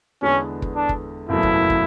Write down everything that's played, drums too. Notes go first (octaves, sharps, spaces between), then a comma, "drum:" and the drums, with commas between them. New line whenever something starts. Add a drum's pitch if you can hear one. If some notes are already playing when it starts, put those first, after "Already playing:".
E2 D3 G#3 B3 C#4
drum: kick
D4
drum: kick
F#1 E2 B2 F#3 A3 E4
drum: kick
drum: kick